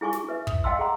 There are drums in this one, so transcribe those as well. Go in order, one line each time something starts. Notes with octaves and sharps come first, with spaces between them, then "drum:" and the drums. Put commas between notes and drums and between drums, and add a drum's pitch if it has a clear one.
E4 G#4 G#5 C#6 D6
drum: snare
B4 E5
D#6, drum: kick
D#5 F5 G5 A5 C6 E6
G#4 F#5 A#5 C6